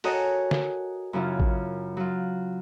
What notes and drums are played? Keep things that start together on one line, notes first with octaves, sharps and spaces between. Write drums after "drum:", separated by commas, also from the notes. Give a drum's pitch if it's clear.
F#4 A4 A#4 C#5 D#5 G#5, drum: open hi-hat
drum: snare D3
F#2 C#3 E4 F4
drum: kick A1
F#3 F4